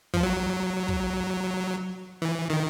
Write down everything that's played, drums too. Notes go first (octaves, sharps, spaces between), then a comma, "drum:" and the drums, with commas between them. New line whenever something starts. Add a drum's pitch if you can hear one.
F3, drum: kick
F#3
drum: kick
E3
D#3